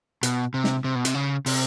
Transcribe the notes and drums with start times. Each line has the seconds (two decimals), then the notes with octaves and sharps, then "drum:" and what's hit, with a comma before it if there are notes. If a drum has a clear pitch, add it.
0.23 B2, drum: hi-hat
0.54 C3
0.64 drum: snare
0.84 C3
0.95 B2
1.05 C3, drum: hi-hat
1.14 C#3
1.46 C3, drum: open hi-hat